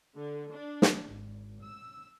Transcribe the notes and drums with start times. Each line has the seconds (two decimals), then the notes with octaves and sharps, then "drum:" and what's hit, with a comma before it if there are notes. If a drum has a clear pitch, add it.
0.16 D3
0.51 D4
0.82 drum: snare
1.06 G#1
1.61 E6